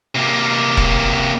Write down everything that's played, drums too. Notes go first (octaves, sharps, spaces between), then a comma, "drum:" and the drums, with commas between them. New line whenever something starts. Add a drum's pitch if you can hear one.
C3 A#3
drum: kick F1